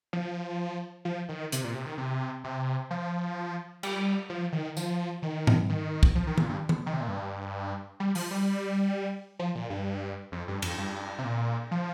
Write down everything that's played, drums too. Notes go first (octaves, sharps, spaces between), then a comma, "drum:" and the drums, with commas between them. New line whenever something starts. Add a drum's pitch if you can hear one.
F3
F3
D#3
C3, drum: hi-hat
A#2
C3
D#3
C3
C3
F3
G3, drum: cymbal
F3
D#3
F3, drum: tambourine
D#3
drum: tom G#2
D#3
drum: kick
F3
D#3
A#2, drum: tom D#3
G2
drum: tom D#3
D#3
C3
A#2
G2
G3
F3, drum: open hi-hat
G3
F3
A#2
G2
F2
G2
F2, drum: cymbal
G2
C3
A#2
F3